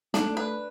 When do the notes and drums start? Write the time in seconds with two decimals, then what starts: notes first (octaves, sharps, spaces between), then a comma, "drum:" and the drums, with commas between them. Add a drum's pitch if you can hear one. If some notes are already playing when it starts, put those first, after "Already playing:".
0.14 A3 D4, drum: snare
0.37 B4